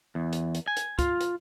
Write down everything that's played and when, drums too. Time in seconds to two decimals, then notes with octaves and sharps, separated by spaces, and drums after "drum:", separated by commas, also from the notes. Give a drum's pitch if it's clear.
0.15 E2
0.33 drum: hi-hat
0.55 drum: hi-hat
0.68 G#5
0.77 drum: hi-hat
0.99 F4, drum: kick, hi-hat
1.21 drum: hi-hat